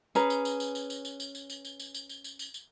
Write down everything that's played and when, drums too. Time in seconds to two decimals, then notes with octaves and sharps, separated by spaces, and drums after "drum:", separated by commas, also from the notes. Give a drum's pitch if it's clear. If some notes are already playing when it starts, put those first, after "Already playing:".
0.15 C#4 G#4 B4 A#5, drum: tambourine
0.30 drum: tambourine
0.45 drum: tambourine
0.60 drum: tambourine
0.75 drum: tambourine
0.90 drum: tambourine
1.05 drum: tambourine
1.20 drum: tambourine
1.35 drum: tambourine
1.50 drum: tambourine
1.65 drum: tambourine
1.80 drum: tambourine
1.94 drum: tambourine
2.09 drum: tambourine
2.24 drum: tambourine
2.39 drum: tambourine
2.54 drum: tambourine